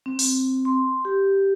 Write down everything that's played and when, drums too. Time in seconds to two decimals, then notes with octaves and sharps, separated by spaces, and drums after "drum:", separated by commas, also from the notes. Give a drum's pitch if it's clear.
0.06 C4
0.19 drum: open hi-hat
0.65 C6
1.05 G4